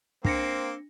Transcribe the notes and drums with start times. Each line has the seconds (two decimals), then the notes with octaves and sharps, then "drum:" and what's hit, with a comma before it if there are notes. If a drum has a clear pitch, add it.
0.25 A#3 C4 D4 A#6 C#7, drum: kick